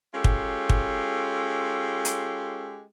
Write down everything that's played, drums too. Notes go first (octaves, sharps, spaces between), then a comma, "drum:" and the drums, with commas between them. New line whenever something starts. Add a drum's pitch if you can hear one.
G#3 C#4 F4 G4 A4
drum: kick
drum: kick
drum: hi-hat